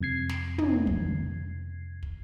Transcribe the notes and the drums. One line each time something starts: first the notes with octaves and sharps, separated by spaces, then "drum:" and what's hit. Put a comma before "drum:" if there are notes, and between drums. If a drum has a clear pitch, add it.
F2 C3 G#6 C7
drum: snare
drum: tom
drum: kick
drum: kick